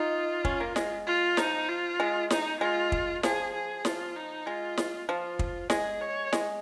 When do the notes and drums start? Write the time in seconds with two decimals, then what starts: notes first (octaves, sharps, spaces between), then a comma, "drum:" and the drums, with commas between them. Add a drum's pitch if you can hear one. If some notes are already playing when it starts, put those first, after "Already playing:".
Already playing: D#4 F4
0.45 C#4, drum: kick
0.60 A#3
0.76 G#3, drum: snare
1.07 F4
1.37 F3 D#4, drum: snare
1.68 F4
2.00 G#3
2.30 D#4, drum: snare
2.60 G#3 F4
2.92 drum: kick
3.23 F3 G#4, drum: snare
3.54 G#4
3.85 F3 F4, drum: snare
4.16 D#4
4.46 G#3 F4
4.77 drum: snare
5.08 F3 F4
5.39 drum: kick
5.70 G#3 G#4, drum: snare
6.01 C#5
6.33 G#3, drum: snare